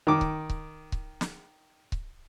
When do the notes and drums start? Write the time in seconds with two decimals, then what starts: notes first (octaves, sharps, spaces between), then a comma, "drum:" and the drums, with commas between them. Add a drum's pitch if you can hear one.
0.07 D#3 D6
0.21 drum: kick C#1
0.50 drum: kick C#1
0.92 drum: kick C#1
1.21 drum: snare
1.92 drum: kick C#1